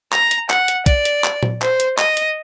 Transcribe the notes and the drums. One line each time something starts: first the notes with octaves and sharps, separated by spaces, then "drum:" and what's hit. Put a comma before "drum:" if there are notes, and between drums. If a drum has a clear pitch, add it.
A#5, drum: clap
drum: hi-hat
F#5, drum: clap
drum: hi-hat
D5, drum: kick, hi-hat
drum: hi-hat
drum: clap
drum: tom A#2
C5, drum: clap
drum: hi-hat
D#5, drum: clap
drum: hi-hat